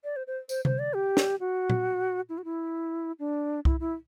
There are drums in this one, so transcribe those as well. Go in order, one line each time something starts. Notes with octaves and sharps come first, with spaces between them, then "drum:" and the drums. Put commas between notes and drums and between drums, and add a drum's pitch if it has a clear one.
D5
C5
C5
C5, drum: tambourine
C5, drum: tom C3
D5
G4
drum: snare
F#4
drum: tom A#2
E4
F#4
E4
D4
E4, drum: kick C2
E4